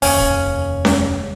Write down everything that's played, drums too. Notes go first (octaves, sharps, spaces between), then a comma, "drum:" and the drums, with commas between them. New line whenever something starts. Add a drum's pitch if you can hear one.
F1 D#2 C#3 C#4, drum: open hi-hat
drum: kick
drum: snare C#4